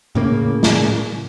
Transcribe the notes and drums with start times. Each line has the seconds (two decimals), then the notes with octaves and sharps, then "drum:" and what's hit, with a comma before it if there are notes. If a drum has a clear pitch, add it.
0.15 A2 C#3 A#3
0.63 drum: snare